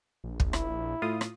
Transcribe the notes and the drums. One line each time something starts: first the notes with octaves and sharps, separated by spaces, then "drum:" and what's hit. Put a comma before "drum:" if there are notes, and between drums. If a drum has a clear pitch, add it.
A#1
drum: kick
E4, drum: rim click
A2 F4 D#6
drum: rim click